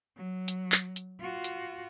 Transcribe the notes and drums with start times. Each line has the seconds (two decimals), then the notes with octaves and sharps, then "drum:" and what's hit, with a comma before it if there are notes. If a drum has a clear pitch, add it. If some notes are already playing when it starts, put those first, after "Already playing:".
0.17 F#3
0.48 drum: hi-hat
0.72 drum: clap
0.96 drum: hi-hat
1.20 F4 F#4
1.44 drum: hi-hat